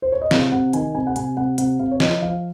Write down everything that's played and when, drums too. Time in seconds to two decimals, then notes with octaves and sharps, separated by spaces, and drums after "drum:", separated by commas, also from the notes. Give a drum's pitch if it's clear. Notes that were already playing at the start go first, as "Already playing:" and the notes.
0.02 C5
0.12 C#5
0.22 D#5
0.31 C3 F5, drum: snare
0.52 C3 F#5
0.73 D#3 G#5, drum: hi-hat
0.95 C3 G#5
1.07 F#5
1.16 C3 G#5, drum: hi-hat
1.37 C3 F#5
1.58 C3 F#5, drum: hi-hat
1.79 C3 F5
1.91 C#5
2.00 F3 D#5, drum: snare
2.22 F3 F5